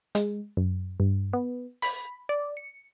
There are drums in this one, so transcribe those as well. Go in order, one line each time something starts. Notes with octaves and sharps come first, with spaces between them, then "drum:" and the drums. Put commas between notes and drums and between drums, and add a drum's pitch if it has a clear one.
G#3, drum: hi-hat
F#2
G2
B3
B5, drum: open hi-hat
D5
C#7